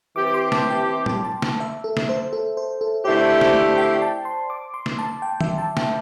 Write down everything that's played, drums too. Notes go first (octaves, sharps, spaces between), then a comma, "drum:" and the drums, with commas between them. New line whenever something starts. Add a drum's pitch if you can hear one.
E3 C4 G4 D6
D6
C6
A5, drum: snare
G5
drum: tom
A5
drum: snare
E5
A4
drum: snare
C5
A4
C5
A4
D3 A3 C4 E4 G4 C5
C5
drum: snare
D5
G5
A5
C6
D6
C6
drum: snare
A5
G5
E5, drum: tom
A5
G5, drum: snare